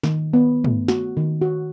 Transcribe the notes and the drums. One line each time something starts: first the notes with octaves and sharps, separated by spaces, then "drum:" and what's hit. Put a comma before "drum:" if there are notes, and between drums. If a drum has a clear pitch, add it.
D#3, drum: snare
B3
A3, drum: tom
F#4, drum: snare
D#3
F#4